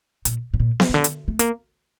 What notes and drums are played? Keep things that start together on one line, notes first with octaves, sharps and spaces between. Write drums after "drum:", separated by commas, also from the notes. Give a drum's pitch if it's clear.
A#2, drum: hi-hat
A2
A#2
drum: snare B3
C3
D3
drum: hi-hat
A3
A#3, drum: hi-hat